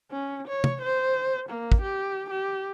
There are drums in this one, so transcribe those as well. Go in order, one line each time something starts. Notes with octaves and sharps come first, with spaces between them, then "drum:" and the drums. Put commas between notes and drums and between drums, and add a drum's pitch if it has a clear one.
C#4
C#5
drum: tom
C5
A#3
drum: kick
G4
G4